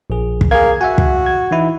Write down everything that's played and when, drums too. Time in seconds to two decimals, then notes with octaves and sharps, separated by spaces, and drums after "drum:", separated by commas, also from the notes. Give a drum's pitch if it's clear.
0.10 A#1 G#4
0.41 drum: kick
0.51 A#3 G#4 G#6
0.81 F#4 E5 F#5 G#5
0.98 drum: kick
1.26 G#6
1.51 E3 D#4 E4